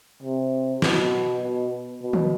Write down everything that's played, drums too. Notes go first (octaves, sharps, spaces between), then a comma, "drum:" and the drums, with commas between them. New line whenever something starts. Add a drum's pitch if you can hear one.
C3
B2, drum: snare
B2
B2
drum: tom